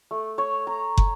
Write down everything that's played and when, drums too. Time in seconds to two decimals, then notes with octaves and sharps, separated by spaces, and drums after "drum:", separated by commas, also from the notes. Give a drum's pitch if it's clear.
0.11 A3
0.38 C#5
0.67 A#5
0.98 drum: kick